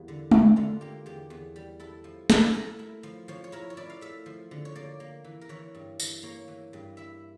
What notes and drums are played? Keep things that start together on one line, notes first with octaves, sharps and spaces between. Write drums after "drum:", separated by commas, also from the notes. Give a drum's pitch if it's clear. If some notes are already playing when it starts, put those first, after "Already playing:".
Already playing: E2 G3 A#3 E4 G4
D3
D3 E4, drum: tom G#3
D3 F4
A#3 G4
E2 G4
E2
G3
E4 A4
F3
E4, drum: snare
A3 A#4
E4
F3
F3 C#5
C#5
E4 A#4
C#5
E4 D5
F5
A3 E5
F3
D3
C#5
A#3 D5
A#3
E3
A#4
E3 C#5
G2
E3, drum: tambourine
A#3 C#5
E3
G2
E4 E5